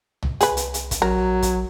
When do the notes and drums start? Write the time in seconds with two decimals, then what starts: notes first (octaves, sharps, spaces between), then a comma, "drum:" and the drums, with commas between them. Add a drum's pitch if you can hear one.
0.23 C2, drum: tom
0.41 G#4 B4, drum: hi-hat
0.57 drum: hi-hat
0.74 drum: hi-hat
0.91 drum: kick, hi-hat
1.02 A#1 F#3 A#4
1.42 drum: kick, hi-hat